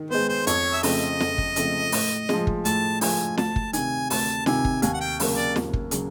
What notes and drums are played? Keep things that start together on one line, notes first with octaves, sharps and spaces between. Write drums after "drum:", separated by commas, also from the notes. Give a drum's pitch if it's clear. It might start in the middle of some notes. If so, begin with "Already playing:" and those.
Already playing: D#3
G#3 B3 C5
C5
F2 C#5, drum: hi-hat
E5
C#3 F3 A3 C4 D#5, drum: open hi-hat
F2, drum: snare
drum: kick
C#3 F3 A3 C4, drum: hi-hat
A2, drum: open hi-hat
F3 G#3, drum: snare
drum: kick
A2 A5, drum: hi-hat
F3 G#3 G#5, drum: open hi-hat
D2 A5, drum: snare
drum: kick
C3 D#3 G#5, drum: hi-hat
D2 A5, drum: open hi-hat
C3 D#3 G#5, drum: snare
drum: kick
D#2 G#5, drum: hi-hat
F#5
G5
C#3 F#3 A#3, drum: open hi-hat
D5
D#2, drum: snare
drum: kick
C#3 F#3, drum: hi-hat